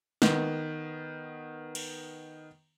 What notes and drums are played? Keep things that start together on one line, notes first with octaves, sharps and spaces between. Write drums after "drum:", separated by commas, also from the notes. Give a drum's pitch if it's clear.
D#3 B3, drum: snare
drum: cymbal